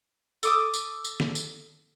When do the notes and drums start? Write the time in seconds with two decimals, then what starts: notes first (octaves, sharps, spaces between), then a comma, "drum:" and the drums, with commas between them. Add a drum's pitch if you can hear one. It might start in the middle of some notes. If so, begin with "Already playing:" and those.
0.43 A4 D6 D#6, drum: tambourine
0.74 drum: tambourine
1.04 drum: tambourine
1.20 drum: snare
1.35 drum: tambourine